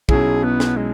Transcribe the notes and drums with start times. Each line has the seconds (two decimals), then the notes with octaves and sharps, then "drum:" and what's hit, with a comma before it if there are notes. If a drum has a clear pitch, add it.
0.09 B1 B2 F#3 C#4 E4 G#4, drum: kick
0.43 B3
0.60 drum: snare
0.76 G#3